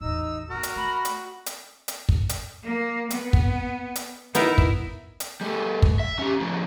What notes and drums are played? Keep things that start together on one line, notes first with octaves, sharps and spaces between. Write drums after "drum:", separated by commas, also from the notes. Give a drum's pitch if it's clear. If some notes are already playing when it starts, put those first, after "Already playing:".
A1 E2 D#4 E6
B3 E4 F#4 A#4
drum: hi-hat
A3 B5
drum: hi-hat
drum: hi-hat
drum: hi-hat
drum: kick
drum: hi-hat
A#3
B3, drum: hi-hat
drum: kick
drum: hi-hat
B3 D#4 E4 A#4, drum: hi-hat
drum: kick
drum: hi-hat
G3 A3
drum: kick
E5
C#4 G4
A2 F3